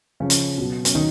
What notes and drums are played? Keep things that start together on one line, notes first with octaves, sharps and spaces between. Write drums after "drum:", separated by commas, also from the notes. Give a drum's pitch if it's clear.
C#3 F3 C#4
drum: hi-hat
B2 F#3
C#4, drum: hi-hat
D#3 F#3 D#4